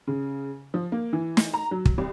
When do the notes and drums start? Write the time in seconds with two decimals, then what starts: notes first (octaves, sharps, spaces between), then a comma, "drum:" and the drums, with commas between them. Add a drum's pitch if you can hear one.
0.07 C#3
0.74 F3
0.92 A#3
1.13 E3
1.37 drum: snare
1.54 A#5
1.71 F#3
1.85 drum: kick
1.98 C2